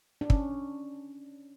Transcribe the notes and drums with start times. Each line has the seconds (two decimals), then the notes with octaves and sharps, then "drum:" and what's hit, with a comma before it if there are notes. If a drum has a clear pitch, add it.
0.21 D4
0.30 C#4, drum: kick